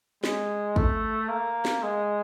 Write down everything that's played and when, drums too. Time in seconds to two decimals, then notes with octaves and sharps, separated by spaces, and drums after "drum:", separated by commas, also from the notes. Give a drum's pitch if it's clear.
0.24 G#3, drum: snare
0.76 A3, drum: kick
1.29 A#3
1.65 drum: snare
1.83 G#3